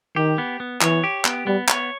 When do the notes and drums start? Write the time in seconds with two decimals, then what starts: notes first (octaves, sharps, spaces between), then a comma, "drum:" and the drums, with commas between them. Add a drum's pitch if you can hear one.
0.16 D#3 G4
0.38 B3
0.60 B3
0.81 E3 C#5, drum: clap
1.04 G4
1.25 B3, drum: clap
1.47 G3 B3
1.68 C#5, drum: clap